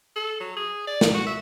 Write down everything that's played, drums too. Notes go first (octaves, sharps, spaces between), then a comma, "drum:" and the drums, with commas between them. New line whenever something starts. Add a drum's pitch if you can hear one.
A4
F#3
G#4
D5
drum: snare
F#4
E5